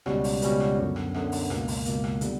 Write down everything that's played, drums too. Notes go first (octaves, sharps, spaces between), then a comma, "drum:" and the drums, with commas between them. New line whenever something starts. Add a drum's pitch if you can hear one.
C#2 B2 G3 C#4 F#4, drum: rim click
drum: open hi-hat
C#2 B2 G3 C#4 F#4, drum: hi-hat
drum: rim click
F#2 D3 F#3 B3
drum: rim click
F#2 D3 F#3 B3, drum: rim click
drum: open hi-hat
C#2 B2 A#3, drum: rim click
drum: open hi-hat
C#2 B2 A#3, drum: hi-hat
drum: rim click
D3 G3 B3, drum: hi-hat